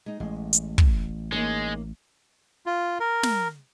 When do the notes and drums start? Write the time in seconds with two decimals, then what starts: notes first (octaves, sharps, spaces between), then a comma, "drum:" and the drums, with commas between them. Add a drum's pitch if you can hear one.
0.06 G#3 D#4
0.20 A1 G#3
0.53 drum: hi-hat
0.78 drum: kick
1.32 G#3 A#3 D#4 C#5
2.66 F4
3.00 A#4
3.23 drum: snare